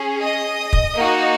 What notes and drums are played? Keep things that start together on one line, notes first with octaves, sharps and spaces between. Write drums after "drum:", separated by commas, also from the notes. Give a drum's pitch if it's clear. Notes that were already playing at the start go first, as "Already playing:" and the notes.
Already playing: C#4 G#4
D#5 D#6
drum: kick
A#3 D#4 F#4